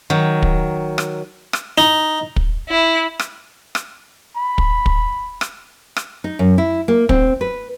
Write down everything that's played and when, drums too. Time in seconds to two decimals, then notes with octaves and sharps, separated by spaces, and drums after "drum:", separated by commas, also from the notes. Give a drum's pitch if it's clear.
0.10 D#3 F#3
0.42 drum: kick
0.98 drum: rim click
1.53 drum: rim click
1.78 D#4
2.36 drum: kick
2.69 E4
3.19 drum: rim click
3.75 drum: rim click
4.36 B5
4.58 drum: kick
4.86 drum: kick
5.41 drum: rim click
5.96 drum: rim click
6.24 D#4
6.39 F#2
6.58 E4
6.88 A#3
7.09 C4, drum: kick
7.41 B4